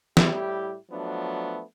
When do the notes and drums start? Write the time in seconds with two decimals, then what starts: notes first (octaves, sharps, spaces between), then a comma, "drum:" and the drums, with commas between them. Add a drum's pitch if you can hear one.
0.17 A2 G3 E4 G4, drum: snare
0.90 F3 F#3 A3 B3 D4